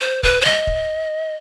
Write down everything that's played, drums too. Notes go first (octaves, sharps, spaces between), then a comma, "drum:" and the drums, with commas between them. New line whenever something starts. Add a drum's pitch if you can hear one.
C5
B4, drum: kick
C5
D#5, drum: snare G3
drum: kick